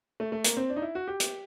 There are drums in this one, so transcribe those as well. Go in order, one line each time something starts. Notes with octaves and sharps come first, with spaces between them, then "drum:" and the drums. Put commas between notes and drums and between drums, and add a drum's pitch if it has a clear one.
A3
A3
A#3, drum: hi-hat
C4
D4
D#4
E4
F#4
G4
drum: hi-hat